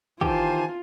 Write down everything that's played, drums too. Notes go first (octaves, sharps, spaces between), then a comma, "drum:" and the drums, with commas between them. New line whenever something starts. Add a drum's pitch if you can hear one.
D#3 E3 F4 G4 C5 G#5 A5, drum: kick